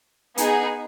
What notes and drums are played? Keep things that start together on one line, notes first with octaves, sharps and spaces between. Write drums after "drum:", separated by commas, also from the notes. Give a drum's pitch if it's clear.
B3 D#4 G#4, drum: hi-hat